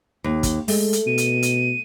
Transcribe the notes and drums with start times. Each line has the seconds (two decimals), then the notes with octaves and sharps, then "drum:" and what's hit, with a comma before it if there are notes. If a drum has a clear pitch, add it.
0.24 D#2
0.43 drum: kick, hi-hat
0.68 G#3 A3, drum: open hi-hat
0.93 drum: hi-hat
1.07 B2 D#7
1.18 drum: hi-hat
1.43 drum: hi-hat